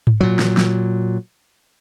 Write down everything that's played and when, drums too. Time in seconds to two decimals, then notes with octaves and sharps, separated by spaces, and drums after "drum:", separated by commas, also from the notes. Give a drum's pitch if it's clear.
0.07 drum: tom G#2
0.21 A#2 F#3
0.39 drum: snare
0.57 drum: snare